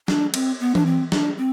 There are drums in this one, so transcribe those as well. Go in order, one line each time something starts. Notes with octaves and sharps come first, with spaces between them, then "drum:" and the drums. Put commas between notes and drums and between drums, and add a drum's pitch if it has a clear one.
D4, drum: snare
C4, drum: cymbal
B3
D4, drum: tom E3
C4
D4, drum: snare
C4